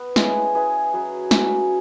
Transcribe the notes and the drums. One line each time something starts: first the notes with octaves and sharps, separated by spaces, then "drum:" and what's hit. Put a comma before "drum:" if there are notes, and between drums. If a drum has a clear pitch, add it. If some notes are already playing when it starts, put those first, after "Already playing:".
Already playing: B3 B4
G#3 C#4 E4, drum: snare
E4 G#4 B4
F#3 C#4 G#4 B4
F#3 C#4 F#4, drum: snare